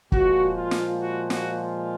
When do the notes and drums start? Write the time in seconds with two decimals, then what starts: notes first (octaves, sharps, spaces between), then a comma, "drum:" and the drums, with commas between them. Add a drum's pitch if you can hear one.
0.12 A#2 F3 G#3 F#4, drum: kick
0.56 F4
0.71 drum: snare
1.01 F#4
1.30 F#4, drum: snare
1.60 F4